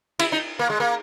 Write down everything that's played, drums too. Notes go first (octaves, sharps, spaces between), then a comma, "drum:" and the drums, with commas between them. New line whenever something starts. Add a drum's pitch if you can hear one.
E4, drum: cymbal
D#4
A#3
G#3
A#3